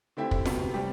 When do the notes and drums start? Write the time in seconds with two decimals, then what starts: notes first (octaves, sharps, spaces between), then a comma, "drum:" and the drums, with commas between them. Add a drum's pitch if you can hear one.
0.17 D3 A3 C4 E4 G4
0.31 drum: kick
0.46 C3 F#3 B3, drum: snare F4
0.74 C3 G3 D4 G4